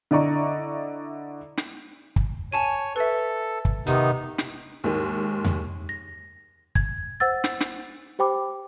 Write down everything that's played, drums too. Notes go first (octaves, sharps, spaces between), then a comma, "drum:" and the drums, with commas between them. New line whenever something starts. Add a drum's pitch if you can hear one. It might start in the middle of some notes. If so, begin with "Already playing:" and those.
D3 E4 D5 D#5 A#5 C#6
drum: snare
drum: kick
C#5 G#5 A5 D#7
A4 B4 E5
drum: kick
C3 D#3 B3 D#4, drum: hi-hat
drum: snare
D#2 G#2 D#3 G#3
drum: tom E2
A#6
G#6, drum: kick
C5 F#5 E6 A6
drum: snare
drum: snare
G4 C5 G5 B5 D6